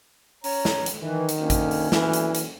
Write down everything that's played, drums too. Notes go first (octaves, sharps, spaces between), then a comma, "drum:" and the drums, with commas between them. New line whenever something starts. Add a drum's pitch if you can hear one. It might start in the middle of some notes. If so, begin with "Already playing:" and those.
C#4 C#5 A#5, drum: open hi-hat
drum: snare
drum: hi-hat
D#3 E3
drum: hi-hat
D2 A#3 C#4
drum: kick A1, hi-hat
drum: open hi-hat
E3, drum: snare
drum: hi-hat
drum: hi-hat